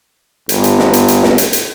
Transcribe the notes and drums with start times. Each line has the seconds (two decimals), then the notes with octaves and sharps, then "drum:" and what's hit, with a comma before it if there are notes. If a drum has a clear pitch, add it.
0.49 G1, drum: hi-hat
0.64 drum: hi-hat
0.79 drum: snare
0.93 drum: hi-hat
1.08 drum: hi-hat
1.23 drum: snare
1.38 drum: hi-hat
1.53 drum: hi-hat